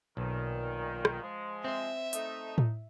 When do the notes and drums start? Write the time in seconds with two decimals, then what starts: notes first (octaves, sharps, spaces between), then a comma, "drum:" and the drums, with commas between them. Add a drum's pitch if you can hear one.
0.17 B1 A#2 D#3
1.05 drum: rim click
1.22 F3 G#3
1.64 C4 C5 E5
2.13 A3 D#4, drum: hi-hat
2.58 drum: tom A2